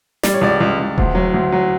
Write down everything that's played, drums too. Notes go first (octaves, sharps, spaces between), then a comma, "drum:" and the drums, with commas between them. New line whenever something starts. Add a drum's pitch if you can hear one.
G3 D5, drum: snare
C#5
C#2 D5
C#2
C#2
D2, drum: kick E1
F#3
D2
F#3